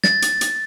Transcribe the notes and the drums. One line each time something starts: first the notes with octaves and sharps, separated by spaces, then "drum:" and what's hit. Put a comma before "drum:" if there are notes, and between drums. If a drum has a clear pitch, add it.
A6, drum: snare
drum: hi-hat
drum: hi-hat